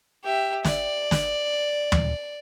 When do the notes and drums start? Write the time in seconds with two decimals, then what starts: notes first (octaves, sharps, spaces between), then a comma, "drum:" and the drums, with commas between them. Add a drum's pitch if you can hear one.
0.24 G4 E5
0.65 D5, drum: snare
1.11 drum: snare
1.92 drum: tom